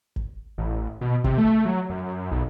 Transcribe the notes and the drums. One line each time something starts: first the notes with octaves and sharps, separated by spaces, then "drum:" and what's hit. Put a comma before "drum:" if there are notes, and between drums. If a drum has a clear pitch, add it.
drum: kick G1
A1
B2
C3, drum: kick G1
A3
F#3
F#2
B1